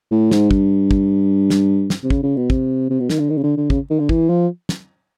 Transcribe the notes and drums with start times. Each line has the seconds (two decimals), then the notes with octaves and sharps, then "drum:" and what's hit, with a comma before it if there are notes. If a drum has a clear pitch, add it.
0.11 A2
0.31 G#2, drum: snare
0.51 G2, drum: kick
0.91 drum: kick
1.50 drum: snare
1.90 drum: snare
2.03 C3
2.10 C#3, drum: kick
2.23 C#3
2.37 B2
2.50 C3, drum: kick
2.90 C3
3.00 B2
3.10 D#3, drum: snare
3.19 D3
3.30 D#3
3.37 C#3
3.43 D3
3.57 D3
3.70 C#3, drum: kick
3.90 D#3
3.99 D3
4.09 E3, drum: kick
4.29 F3
4.69 drum: snare